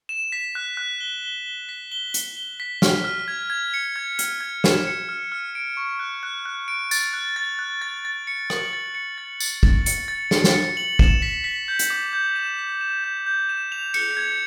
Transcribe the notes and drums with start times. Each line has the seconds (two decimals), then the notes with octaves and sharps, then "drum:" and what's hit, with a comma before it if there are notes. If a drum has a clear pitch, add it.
0.09 E7
0.32 B6
0.55 F#6
0.77 F#6
1.00 G7
1.23 G7
1.46 G7
1.69 B6
1.92 G7
2.14 G7, drum: hi-hat
2.37 G7
2.60 B6
2.82 F6, drum: snare
3.04 F6
3.28 G#6
3.50 G#6
3.74 C#7
3.96 G#6
4.19 F6, drum: hi-hat
4.41 G#6
4.64 E7, drum: snare
4.87 C#7
5.09 F6
5.32 F6
5.55 D7
5.77 C#6
5.99 F#6
6.23 F#6
6.46 F#6
6.68 D7
6.91 A6, drum: tambourine
7.13 F#6
7.36 A6
7.59 F#6
7.82 A6
8.05 A6
8.27 C#7
8.50 F#7, drum: rim click
8.73 A6
8.95 C#7
9.18 A6
9.40 A6, drum: tambourine
9.63 A6, drum: kick
9.86 C#7, drum: hi-hat
10.08 A6
10.31 C#7, drum: snare
10.44 drum: snare
10.54 C#7
10.77 F#7
10.99 E7, drum: kick
11.22 B6
11.44 B6
11.68 G6
11.79 drum: hi-hat
11.90 D6
12.13 G6
12.36 E7
12.58 B6
12.81 E7
13.04 G6
13.27 G6
13.49 E7
13.72 F7
13.94 C#7, drum: cymbal
14.17 G#6